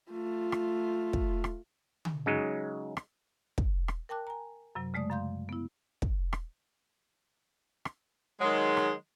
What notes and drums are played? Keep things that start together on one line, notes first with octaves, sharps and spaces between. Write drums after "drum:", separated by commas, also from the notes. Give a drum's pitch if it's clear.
A3 F4
drum: rim click
drum: kick
drum: rim click
drum: tom D3
C#3 F#3 G#3 D#4
drum: rim click
drum: kick
drum: rim click
A#4 G5 A5 D6 F#6
G#5 A#5
F#2 C3 F#3
C#3 G#3 A3 D5 D#6
F#2 F5 C6 G6
B3 E4
drum: kick
drum: rim click
drum: rim click
D#3 F#3 G#3
drum: rim click